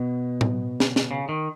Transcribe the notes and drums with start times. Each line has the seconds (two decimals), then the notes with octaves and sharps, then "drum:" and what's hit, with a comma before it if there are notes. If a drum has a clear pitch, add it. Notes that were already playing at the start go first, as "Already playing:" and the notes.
Already playing: B2
0.41 drum: tom A2
0.80 drum: snare
0.96 drum: snare
1.11 C#3
1.29 D#3